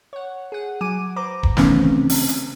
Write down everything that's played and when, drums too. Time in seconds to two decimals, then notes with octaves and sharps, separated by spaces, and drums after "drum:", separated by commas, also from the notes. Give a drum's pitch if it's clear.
0.13 C#5 F#5
0.52 G#4 F#5
0.81 F#3 F#5 G#5 D6 D#7
1.16 B4 C5 A#5 D6
1.43 drum: kick D#1
1.57 D#3 E3 A3 B3 C#4, drum: snare
1.80 C#3 C4
2.09 drum: open hi-hat
2.29 drum: hi-hat